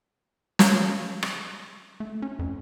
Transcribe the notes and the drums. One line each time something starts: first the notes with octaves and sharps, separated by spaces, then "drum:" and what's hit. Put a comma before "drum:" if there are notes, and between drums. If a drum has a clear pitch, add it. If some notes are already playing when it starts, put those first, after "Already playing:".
drum: snare
drum: rim click
A3
C#4
F2